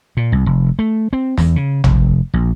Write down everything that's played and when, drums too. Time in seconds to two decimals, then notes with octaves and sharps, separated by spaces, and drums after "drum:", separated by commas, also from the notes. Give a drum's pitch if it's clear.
0.17 A#2
0.32 C2
0.46 F1
0.79 A3
1.13 C4
1.38 E2, drum: snare
1.56 C#3
1.84 F1, drum: tom
2.34 A#1